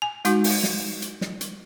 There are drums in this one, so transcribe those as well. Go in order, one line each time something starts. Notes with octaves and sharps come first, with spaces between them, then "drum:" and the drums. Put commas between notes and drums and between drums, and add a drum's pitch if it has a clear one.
G#5
G#3 D#4 F#4, drum: hi-hat
drum: open hi-hat
drum: snare
drum: hi-hat
drum: snare
drum: hi-hat